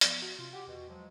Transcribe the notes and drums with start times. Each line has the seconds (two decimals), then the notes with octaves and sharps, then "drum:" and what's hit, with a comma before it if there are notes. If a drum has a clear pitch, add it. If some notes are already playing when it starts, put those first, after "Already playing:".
0.01 F3 B3 D5, drum: hi-hat
0.22 F#4
0.39 C3 F4
0.53 G4 F#5
0.67 E2 B2
0.88 F3 F#3 G#3